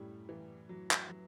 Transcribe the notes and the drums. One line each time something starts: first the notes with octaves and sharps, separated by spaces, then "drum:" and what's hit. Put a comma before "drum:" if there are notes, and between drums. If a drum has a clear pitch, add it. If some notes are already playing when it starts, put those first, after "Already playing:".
Already playing: F#2 A2 G3
E3
F#3
drum: clap
F#3